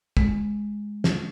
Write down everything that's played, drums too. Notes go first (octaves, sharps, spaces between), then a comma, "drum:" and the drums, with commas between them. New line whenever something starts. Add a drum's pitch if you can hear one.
G#3, drum: kick
drum: snare